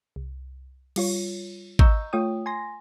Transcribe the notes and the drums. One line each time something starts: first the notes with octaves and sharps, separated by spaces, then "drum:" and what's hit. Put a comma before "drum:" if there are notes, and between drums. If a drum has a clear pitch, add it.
C2
G3 F4 C#5, drum: cymbal
D#5 A#5 C#6 E6 G6, drum: kick G#1
A3 F4 C#5 G5 D#6
G#5 C6 A#6